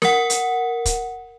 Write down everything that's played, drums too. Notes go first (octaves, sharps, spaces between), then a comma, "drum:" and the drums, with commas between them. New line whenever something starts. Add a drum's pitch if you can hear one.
A#4 F#5, drum: snare
drum: hi-hat
drum: kick, hi-hat